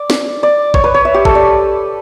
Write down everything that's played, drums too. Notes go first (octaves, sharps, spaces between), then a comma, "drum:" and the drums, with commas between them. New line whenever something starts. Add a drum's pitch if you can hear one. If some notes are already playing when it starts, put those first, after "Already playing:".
Already playing: D5
drum: snare
D5
C#5, drum: kick G#1
B4
C#5
E5
G4
A4, drum: kick G#1
D5